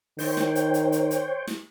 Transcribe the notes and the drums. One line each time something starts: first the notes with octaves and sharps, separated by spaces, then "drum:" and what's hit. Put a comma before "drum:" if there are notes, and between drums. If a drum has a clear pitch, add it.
D#3 C5 C#5 G5, drum: open hi-hat
drum: snare
drum: hi-hat
drum: hi-hat
drum: hi-hat
drum: hi-hat
drum: snare